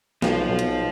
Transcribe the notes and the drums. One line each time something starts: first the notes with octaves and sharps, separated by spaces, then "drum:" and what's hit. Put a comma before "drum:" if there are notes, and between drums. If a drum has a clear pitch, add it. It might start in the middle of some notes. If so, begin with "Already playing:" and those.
B1 F3 F4, drum: snare
B1
drum: hi-hat